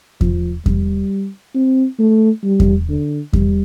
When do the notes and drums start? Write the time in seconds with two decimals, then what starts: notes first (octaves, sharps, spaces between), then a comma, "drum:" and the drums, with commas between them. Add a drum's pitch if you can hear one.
0.21 F3, drum: kick E2
0.66 G3, drum: kick E2
1.55 C4
1.99 A3
2.44 G3
2.60 drum: kick E2
2.89 D3
3.33 G3, drum: kick E2